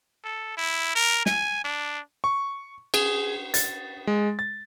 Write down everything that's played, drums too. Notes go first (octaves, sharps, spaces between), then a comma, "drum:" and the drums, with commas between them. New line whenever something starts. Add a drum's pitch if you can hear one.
A4
E4
A#4
G#5, drum: snare
D4
C#6
G#4, drum: cymbal
A6, drum: hi-hat
G#3
A6